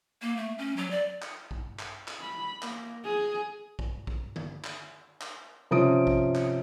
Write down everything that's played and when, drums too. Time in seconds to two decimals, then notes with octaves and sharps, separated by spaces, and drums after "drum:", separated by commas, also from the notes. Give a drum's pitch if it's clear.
0.22 A#3
0.37 A3
0.58 C#4
0.77 F#3
0.91 D5
1.22 drum: clap
1.51 drum: kick
1.79 drum: clap
2.08 drum: clap
2.21 B5
2.62 A#3, drum: clap
3.05 G#4
3.79 drum: kick
4.07 drum: kick
4.36 drum: tom D3
4.64 drum: clap
5.21 drum: clap
5.71 C3 F3 C#4 D#6 D7
6.07 drum: kick
6.35 drum: clap